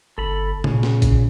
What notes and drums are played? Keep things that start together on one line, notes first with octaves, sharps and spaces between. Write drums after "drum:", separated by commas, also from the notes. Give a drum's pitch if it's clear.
G1 A4 B5
A#2 C#3, drum: tom C3
drum: snare
drum: kick A#1, hi-hat